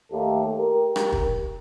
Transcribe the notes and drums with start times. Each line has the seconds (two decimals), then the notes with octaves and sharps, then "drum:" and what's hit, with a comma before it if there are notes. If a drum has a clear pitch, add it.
0.12 D#2 A3 G4 A4
0.58 G4 A#4
0.96 drum: rim click
1.12 drum: kick